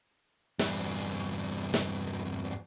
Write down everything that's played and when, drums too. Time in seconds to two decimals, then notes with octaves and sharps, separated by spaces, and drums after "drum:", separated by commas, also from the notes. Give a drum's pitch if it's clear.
0.59 E2 G2, drum: snare
1.74 drum: snare